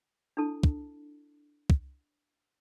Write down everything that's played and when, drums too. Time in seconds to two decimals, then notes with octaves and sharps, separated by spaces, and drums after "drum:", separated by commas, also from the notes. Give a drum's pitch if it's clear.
0.37 D4 E4 A4 A5
0.63 drum: kick
1.70 drum: kick